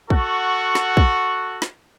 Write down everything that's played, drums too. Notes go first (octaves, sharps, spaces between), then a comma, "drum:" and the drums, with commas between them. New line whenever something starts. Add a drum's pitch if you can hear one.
F#4 A4 F#5 C#6, drum: kick
drum: snare
drum: kick
drum: snare